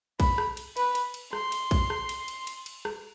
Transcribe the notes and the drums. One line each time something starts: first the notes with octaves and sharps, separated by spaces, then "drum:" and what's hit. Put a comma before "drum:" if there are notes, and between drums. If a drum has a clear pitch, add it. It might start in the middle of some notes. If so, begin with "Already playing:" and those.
B5, drum: kick, cymbal
drum: rim click
drum: cymbal
B4, drum: cymbal
drum: cymbal
drum: cymbal
C6, drum: rim click
drum: cymbal
drum: kick, cymbal
drum: rim click
drum: cymbal
drum: cymbal
drum: cymbal
drum: cymbal
drum: rim click